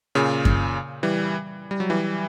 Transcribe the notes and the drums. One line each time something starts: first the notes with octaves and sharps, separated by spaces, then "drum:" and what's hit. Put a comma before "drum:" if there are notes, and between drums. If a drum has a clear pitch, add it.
A#2 C#3
drum: kick F#2
E3 G3
G3
F#3
E3 G3